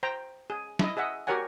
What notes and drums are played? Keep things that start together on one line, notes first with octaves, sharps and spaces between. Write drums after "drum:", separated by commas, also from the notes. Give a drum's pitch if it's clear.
C5 G5 A#5
G#4
E4 D#5, drum: snare
G#4 D#5 E5 F#5
F#4 G4 A#4 C#5 F#5 G#5